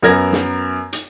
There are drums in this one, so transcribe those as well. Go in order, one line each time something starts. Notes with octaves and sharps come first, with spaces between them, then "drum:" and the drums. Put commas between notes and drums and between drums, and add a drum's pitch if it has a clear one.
F#2 B3 A#4 G#6 A#6
drum: snare
drum: hi-hat